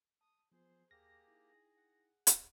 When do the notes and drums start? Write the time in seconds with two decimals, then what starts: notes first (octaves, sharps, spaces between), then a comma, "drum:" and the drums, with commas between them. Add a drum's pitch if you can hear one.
0.21 A5 D#6
0.52 F3 B3 F4 G#4 C5
0.91 D#2 A#3 G4 G#4 F6 A#6
1.26 D#4 E4 G5
1.77 F#5
2.27 drum: hi-hat